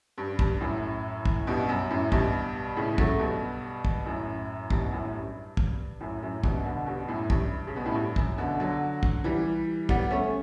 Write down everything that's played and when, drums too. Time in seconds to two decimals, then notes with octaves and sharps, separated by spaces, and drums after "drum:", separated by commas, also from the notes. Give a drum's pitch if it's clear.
0.18 G2
0.39 G2, drum: kick
0.61 F#2 A2
1.25 drum: kick
1.47 G2 B2
1.69 F#2
1.90 F#2 A2
2.12 G2 B2, drum: kick
2.77 A2 C#3
2.98 F#3 A3, drum: kick
3.19 G2 B2
3.85 drum: kick
4.06 F#2 A2
4.70 G2 B2, drum: kick
4.92 F#2 A2
5.14 G2
5.57 drum: kick
6.00 F#2 A2
6.22 F#2 A2
6.44 G2 B2, drum: kick
6.65 B2 D3
6.86 G2 B2
7.08 F#2 A2
7.30 G2, drum: kick
7.67 C#3
7.76 B2
7.86 A2
7.94 G2
8.16 F#2, drum: kick
8.38 B2 D3
8.60 D3 F#3
9.03 drum: kick
9.24 E3 G3
9.89 G3 B3, drum: kick
10.10 A3 C#4